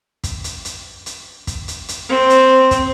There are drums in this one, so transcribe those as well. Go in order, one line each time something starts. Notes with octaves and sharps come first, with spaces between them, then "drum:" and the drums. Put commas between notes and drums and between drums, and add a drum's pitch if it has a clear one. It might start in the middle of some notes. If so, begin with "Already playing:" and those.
drum: kick, hi-hat
drum: hi-hat
drum: hi-hat
drum: hi-hat
drum: kick, hi-hat
drum: hi-hat
drum: hi-hat
C4
drum: hi-hat
drum: kick, hi-hat